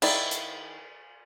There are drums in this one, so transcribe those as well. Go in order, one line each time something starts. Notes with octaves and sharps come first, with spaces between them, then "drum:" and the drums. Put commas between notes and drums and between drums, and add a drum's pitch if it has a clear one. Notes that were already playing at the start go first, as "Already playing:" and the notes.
D#3 E4 D5, drum: cymbal
drum: hi-hat